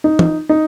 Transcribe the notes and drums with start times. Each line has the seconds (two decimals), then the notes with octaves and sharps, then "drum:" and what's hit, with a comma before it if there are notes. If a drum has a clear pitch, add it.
0.04 D#4
0.19 drum: tom E3
0.49 D#4